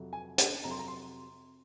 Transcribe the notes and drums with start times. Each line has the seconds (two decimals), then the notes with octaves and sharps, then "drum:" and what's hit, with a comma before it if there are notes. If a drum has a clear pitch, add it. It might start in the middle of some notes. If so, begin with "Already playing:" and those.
Already playing: F2 C3 F#3
0.13 G#5
0.38 F#5, drum: hi-hat
0.64 F2 C3 F#3 A#5
0.71 C6
0.79 A#5
0.88 C6